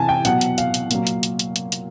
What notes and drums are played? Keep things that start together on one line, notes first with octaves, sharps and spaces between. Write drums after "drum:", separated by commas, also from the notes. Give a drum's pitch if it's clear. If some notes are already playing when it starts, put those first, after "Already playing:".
Already playing: C3 E3 G#5 A5
G5
B2 F#3 F#5, drum: hi-hat
drum: hi-hat
F5, drum: hi-hat
drum: hi-hat
A#2 F#3, drum: hi-hat
drum: hi-hat
drum: hi-hat
drum: hi-hat
drum: hi-hat
drum: hi-hat